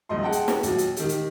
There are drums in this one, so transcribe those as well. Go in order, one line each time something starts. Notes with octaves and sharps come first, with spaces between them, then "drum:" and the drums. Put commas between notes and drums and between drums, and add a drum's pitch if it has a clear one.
D#1 A#1 D#5 C6
G#4 F#5 G5 A5
drum: hi-hat
drum: snare
D#2 A#2 F#3, drum: hi-hat
drum: hi-hat
D#3 G4, drum: hi-hat
drum: hi-hat